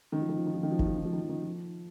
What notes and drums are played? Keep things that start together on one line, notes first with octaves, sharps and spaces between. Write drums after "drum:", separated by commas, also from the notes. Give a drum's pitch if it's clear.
D#3
F3
D#3
F3
D#3
F3
D#3
F3
D#3, drum: kick G1
F3
D#3
F3
D#3
F3
D#3
F3